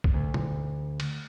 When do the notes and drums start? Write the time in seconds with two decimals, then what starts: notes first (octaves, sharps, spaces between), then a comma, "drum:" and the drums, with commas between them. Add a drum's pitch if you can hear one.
0.04 drum: kick
0.14 D2
0.34 drum: tom
1.00 drum: cymbal